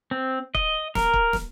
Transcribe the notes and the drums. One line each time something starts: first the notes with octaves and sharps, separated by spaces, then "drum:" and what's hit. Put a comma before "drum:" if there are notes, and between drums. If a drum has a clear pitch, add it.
C4
D#5, drum: kick
A#4, drum: snare
drum: kick
drum: snare